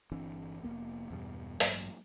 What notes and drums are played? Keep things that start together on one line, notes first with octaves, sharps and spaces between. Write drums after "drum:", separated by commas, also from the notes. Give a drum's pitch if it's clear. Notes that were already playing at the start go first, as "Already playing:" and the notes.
G1 E3 C4 D4
F1 F#2 A#3 B3
E2 G2 B2 G3
A1 G2 F#3 A#3, drum: open hi-hat